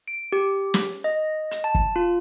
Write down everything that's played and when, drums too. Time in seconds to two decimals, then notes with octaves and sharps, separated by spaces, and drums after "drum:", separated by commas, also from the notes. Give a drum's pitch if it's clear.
0.08 D7
0.32 G4
0.74 drum: snare
1.04 D#5
1.51 drum: hi-hat
1.64 A5
1.75 drum: kick
1.96 F4